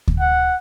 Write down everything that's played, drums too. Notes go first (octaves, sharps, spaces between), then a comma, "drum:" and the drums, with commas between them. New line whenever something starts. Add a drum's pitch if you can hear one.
drum: kick D2
F#5